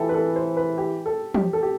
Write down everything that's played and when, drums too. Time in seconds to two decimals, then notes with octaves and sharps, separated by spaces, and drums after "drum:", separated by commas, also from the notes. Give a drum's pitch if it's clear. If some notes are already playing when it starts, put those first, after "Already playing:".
Already playing: E3 G4 A4
0.09 B4
0.14 A4
0.36 C5
0.57 B4
0.78 G4
1.06 A4
1.34 G4, drum: tom
1.53 A4
1.62 G4